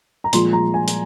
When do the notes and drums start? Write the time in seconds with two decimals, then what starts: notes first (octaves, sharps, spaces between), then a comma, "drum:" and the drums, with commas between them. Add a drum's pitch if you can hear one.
0.24 A#5
0.33 A#2 F3 G#3 C6, drum: hi-hat
0.53 A#5
0.74 G#5
0.88 drum: hi-hat